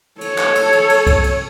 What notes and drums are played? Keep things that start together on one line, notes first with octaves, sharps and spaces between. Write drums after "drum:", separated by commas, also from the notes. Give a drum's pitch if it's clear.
A4 C#5, drum: cymbal
drum: clap
drum: cymbal
drum: cymbal
drum: cymbal
drum: kick C2, cymbal
drum: cymbal